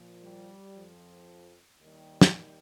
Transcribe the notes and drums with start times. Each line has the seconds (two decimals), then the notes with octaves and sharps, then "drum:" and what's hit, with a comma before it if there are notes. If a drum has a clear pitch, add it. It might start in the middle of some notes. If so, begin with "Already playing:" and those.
Already playing: A#2 F3
0.23 G3
0.76 F2 F3
1.82 D#2 D#3 G3
2.21 drum: snare